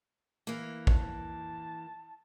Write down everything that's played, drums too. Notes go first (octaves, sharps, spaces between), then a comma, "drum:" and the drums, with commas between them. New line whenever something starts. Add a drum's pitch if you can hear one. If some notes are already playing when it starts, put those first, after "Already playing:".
E3 A#3
A5, drum: kick